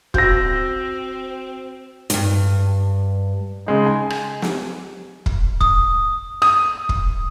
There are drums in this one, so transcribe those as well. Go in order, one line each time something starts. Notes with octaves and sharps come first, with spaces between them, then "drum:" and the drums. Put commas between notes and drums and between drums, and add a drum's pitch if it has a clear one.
C4 F#4 C5 E6 G6 A#6, drum: kick
D2 G2, drum: hi-hat
C#3 G#3 D#4
G#5
drum: rim click
drum: snare
drum: kick
D#6, drum: kick
D#6, drum: rim click
drum: kick